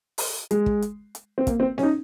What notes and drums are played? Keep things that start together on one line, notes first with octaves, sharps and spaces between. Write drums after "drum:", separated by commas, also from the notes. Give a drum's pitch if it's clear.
drum: open hi-hat
G#3, drum: hi-hat
drum: kick
drum: hi-hat
drum: hi-hat
C4
A#3, drum: kick, hi-hat
C4
C#4, drum: snare B3
D#4